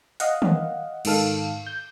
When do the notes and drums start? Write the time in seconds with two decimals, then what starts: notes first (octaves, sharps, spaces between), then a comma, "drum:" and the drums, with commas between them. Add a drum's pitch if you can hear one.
0.20 D#5 F5 F#5, drum: hi-hat
0.42 drum: tom D#3
1.05 G#2 D#3 A4 F5, drum: cymbal
1.67 G6